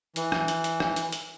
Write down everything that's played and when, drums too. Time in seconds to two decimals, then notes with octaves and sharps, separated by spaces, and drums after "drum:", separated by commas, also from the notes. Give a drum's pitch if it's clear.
0.16 E3, drum: hi-hat
0.32 drum: rim click
0.48 drum: hi-hat
0.64 drum: hi-hat
0.80 drum: rim click
0.96 drum: hi-hat
1.12 drum: hi-hat